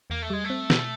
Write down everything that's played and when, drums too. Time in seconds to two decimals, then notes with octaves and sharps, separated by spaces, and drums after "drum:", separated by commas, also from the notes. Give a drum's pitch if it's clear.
0.10 E2 A#3
0.22 A3
0.30 G3 G#3
0.44 A3
0.50 C4
0.70 B2, drum: snare